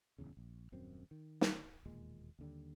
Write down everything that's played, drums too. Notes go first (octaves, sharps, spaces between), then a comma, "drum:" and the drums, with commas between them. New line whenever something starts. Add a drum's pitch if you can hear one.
D1 A#1 E2 C#3
A#1
D#1 F#2 C4
D#3
drum: snare
E1 D#2 A#2 G#3
D#2 D3 G3